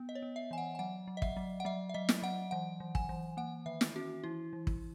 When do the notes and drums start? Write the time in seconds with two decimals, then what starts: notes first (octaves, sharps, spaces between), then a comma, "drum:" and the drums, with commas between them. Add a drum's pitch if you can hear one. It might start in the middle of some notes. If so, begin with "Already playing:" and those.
Already playing: B3
0.09 D#5
0.15 C#5
0.22 B3
0.36 E5
0.51 E3 G#5
0.58 F#5
0.75 G#5
0.79 F#3 F#5
1.08 F#3
1.17 D#5
1.22 E5, drum: kick
1.37 F#3
1.60 F#5
1.65 F#3 E5
1.89 E5
1.94 F#3 D#5
2.09 drum: snare
2.22 F#3 F#5
2.51 E3 F#5
2.80 E3
2.95 G#5, drum: kick
3.09 E3
3.37 A#3 F#5
3.66 D#3 E5
3.81 drum: snare
3.96 C#4 F#4
4.24 E3 E4
4.53 E3
4.67 drum: kick